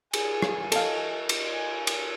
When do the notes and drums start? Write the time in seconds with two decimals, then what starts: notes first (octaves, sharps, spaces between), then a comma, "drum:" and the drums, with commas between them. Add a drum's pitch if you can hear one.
0.13 G#4 G#5, drum: cymbal
0.42 drum: rim click
0.72 A4 D#5 F5, drum: cymbal
1.29 drum: cymbal
1.54 G#5
1.87 drum: cymbal